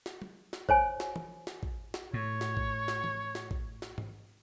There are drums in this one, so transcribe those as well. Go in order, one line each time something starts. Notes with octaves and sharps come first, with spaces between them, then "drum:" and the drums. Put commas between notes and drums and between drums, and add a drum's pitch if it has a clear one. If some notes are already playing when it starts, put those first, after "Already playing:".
drum: snare
drum: tom
drum: snare
C5 C#5 G#5, drum: kick
drum: snare
drum: tom
drum: snare
drum: kick
drum: snare
A2 C#5
drum: snare
drum: kick
drum: snare
drum: tom
drum: snare
drum: kick
drum: snare
drum: tom G#2